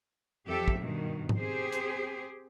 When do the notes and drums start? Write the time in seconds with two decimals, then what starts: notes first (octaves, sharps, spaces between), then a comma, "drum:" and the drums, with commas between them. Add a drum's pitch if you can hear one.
0.47 F2 G4 A4 E5
0.68 drum: kick
0.81 G2 B2 D#3
1.29 drum: tom G#2
1.39 C4 G4 G#4 C5
1.72 drum: hi-hat